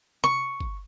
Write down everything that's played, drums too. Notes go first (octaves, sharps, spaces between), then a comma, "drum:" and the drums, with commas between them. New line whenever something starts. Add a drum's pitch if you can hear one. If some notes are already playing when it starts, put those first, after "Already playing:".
C#6, drum: tom C3
drum: kick G1